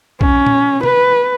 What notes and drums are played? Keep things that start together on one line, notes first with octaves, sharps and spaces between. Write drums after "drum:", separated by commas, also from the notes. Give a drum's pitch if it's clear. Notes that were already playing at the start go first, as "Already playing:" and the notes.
C#4, drum: kick B1
drum: tom A#2
B4, drum: tom C3